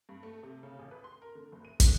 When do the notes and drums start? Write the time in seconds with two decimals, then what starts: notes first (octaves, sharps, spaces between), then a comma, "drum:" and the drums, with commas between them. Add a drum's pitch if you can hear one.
0.09 G2
0.23 A3
0.43 C3
0.63 C#3
0.79 A1
0.91 B4
1.04 C6
1.22 A#4
1.35 D3
1.52 F#1
1.65 D#7
1.80 F#6, drum: kick, hi-hat